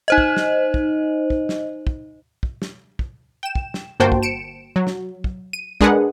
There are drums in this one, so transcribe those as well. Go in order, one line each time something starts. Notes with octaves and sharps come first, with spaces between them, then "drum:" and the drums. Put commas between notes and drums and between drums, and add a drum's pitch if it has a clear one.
D#4 C5 D#5
drum: kick
drum: snare
drum: kick
drum: kick
drum: snare
drum: kick
drum: kick
drum: snare
drum: kick
G5 E7
drum: kick
drum: snare
G1 A#3 F#4 C5 G5 A5
drum: kick
C#7 D7 E7
F#3
drum: snare
drum: kick
D#7
G#3 D4 G#4 A#4 B4 F#5, drum: kick